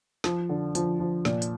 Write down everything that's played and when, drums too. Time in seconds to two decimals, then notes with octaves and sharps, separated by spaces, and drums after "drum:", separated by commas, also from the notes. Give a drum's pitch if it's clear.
0.24 F3, drum: snare
0.49 D3
0.75 F3, drum: hi-hat
1.00 F3
1.25 A#2, drum: snare
1.42 drum: hi-hat